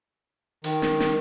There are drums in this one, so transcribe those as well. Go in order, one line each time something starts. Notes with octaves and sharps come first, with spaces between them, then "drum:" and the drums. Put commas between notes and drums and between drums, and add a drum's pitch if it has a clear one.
D#3, drum: hi-hat
drum: snare
drum: snare